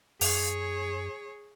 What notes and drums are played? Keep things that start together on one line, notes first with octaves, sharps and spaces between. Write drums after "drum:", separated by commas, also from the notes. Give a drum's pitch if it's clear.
F#2 G#4 C#5, drum: open hi-hat